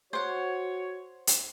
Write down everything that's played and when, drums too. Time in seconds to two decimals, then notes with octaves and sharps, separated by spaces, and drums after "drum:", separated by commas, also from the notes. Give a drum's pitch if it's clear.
0.13 F#4 C5 C#5 F#5
1.27 drum: hi-hat